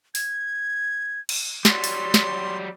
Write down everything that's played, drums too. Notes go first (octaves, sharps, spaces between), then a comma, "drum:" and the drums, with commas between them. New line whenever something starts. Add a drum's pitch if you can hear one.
G#6, drum: open hi-hat
drum: cymbal
F#3 G3 C6, drum: snare
drum: open hi-hat
drum: snare